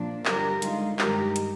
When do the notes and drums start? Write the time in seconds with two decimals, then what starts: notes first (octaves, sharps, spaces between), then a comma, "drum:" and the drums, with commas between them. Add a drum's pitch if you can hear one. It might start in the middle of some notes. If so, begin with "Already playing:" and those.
Already playing: A#2 F3 A#3 D4
0.25 G2 D3 F3 G4 A#4, drum: clap
0.62 D3 G#3 D#4 F4, drum: hi-hat
0.99 G2 D#3 G#3 D#4 G4 A#4, drum: clap
1.36 drum: hi-hat